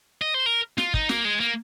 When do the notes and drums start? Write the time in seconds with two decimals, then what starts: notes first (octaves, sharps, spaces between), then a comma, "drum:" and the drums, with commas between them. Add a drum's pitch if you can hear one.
0.22 D#5
0.34 C5
0.46 A#4
0.78 F4, drum: snare
0.94 D#4, drum: kick
1.09 A#3, drum: snare
1.25 G#3
1.40 A#3